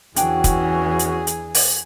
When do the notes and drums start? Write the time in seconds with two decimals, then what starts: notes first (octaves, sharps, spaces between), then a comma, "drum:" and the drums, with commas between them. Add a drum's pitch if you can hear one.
0.16 E2 E3 C#4 D4 F#4 G#4 G5, drum: hi-hat
0.44 drum: kick, hi-hat
0.99 drum: hi-hat
1.27 drum: hi-hat
1.55 drum: open hi-hat